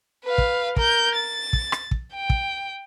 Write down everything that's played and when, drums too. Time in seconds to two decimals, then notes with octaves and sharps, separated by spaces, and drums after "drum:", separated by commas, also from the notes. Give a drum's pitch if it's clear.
0.25 B4 F5
0.38 drum: kick
0.76 A#4 G6, drum: kick
1.15 A6
1.53 drum: kick
1.72 drum: rim click
1.91 drum: kick
2.14 G5
2.30 drum: kick